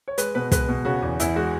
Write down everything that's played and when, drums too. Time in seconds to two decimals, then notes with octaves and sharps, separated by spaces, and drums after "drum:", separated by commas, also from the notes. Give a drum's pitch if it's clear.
0.08 C#5
0.18 G#3 B4, drum: hi-hat
0.35 B2 B4
0.52 G#3 B4, drum: kick, hi-hat
0.69 B2
0.85 C#3 F#4
1.02 E2
1.20 E2 E4, drum: hi-hat
1.36 G#3 F#4